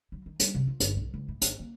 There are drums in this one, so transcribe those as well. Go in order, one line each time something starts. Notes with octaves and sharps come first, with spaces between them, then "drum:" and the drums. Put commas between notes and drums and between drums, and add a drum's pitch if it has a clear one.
F#3
D#3
G3, drum: hi-hat
C3
F4
G1, drum: hi-hat
B1
C#2
A2
G#1, drum: hi-hat
A#3